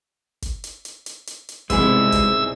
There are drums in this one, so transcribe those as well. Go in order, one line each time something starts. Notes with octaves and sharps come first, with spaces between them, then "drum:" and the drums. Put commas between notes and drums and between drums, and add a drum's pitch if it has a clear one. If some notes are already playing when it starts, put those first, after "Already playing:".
drum: kick, hi-hat
drum: hi-hat
drum: hi-hat
drum: hi-hat
drum: hi-hat
drum: hi-hat
C2 G#2 B2 G#3 E4 G#4 E6, drum: kick, hi-hat
drum: kick, hi-hat